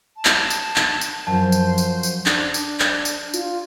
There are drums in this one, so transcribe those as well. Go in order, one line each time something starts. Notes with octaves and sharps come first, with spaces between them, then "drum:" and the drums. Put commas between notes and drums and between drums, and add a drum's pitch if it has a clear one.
A5
drum: clap
drum: tambourine
drum: clap
drum: tambourine
F#2 F3 C5 A5
drum: tambourine
drum: tambourine
drum: tambourine
D4, drum: clap
drum: tambourine
drum: clap
drum: tambourine
F4, drum: tambourine